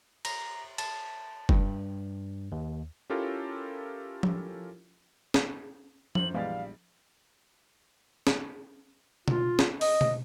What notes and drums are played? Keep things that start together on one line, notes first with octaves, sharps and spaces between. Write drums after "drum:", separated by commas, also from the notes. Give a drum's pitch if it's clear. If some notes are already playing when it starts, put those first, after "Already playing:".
A#5, drum: cymbal
A5, drum: cymbal
G2, drum: kick
D#2
C#4 E4 F4 G4 A4 A#4
drum: tom F3
drum: snare C#4
F#2 C5 F#7, drum: tom F3
A#1 E3 G3 G#3 B3 F5 A6
drum: snare C#4
F4, drum: tom B2
drum: snare C#4
D#5, drum: open hi-hat
drum: tom B2